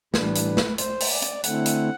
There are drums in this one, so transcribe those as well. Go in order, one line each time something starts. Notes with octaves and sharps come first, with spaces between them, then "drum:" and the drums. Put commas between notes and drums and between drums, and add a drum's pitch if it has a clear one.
A2 E3 G3 D4 B4, drum: snare
drum: hi-hat
drum: snare
C5, drum: hi-hat
drum: open hi-hat
D5
drum: hi-hat
D3 A3 C4 E4 F#5, drum: hi-hat
drum: hi-hat